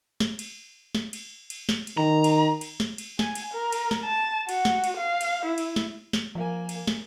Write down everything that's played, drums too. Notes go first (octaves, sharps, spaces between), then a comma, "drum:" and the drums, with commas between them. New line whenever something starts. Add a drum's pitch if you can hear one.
drum: snare
drum: cymbal
drum: snare
drum: cymbal
drum: cymbal
drum: snare
drum: cymbal
D#3 A#5
drum: cymbal
drum: cymbal
drum: snare
drum: cymbal
G#5, drum: snare
drum: cymbal
A#4
drum: cymbal
drum: snare
A5
F#4, drum: cymbal
drum: snare
drum: cymbal
F5
drum: cymbal
E4
drum: cymbal
drum: snare
drum: snare
F3 A#3 G#5
drum: cymbal
drum: snare